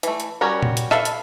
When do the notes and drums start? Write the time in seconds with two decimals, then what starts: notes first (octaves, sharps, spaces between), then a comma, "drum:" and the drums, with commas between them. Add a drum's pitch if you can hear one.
0.03 E3 A3, drum: hi-hat
0.20 drum: hi-hat
0.41 G3 C#4 F#4 A#4 C#5
0.63 drum: tom A#2
0.77 drum: hi-hat
0.91 A4 B4 E5 F5, drum: rim click
1.05 drum: hi-hat